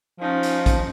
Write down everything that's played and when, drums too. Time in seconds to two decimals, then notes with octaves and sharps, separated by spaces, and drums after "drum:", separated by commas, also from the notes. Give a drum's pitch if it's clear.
0.20 F3 C#4 D#4
0.43 drum: hi-hat
0.66 drum: kick A#1, hi-hat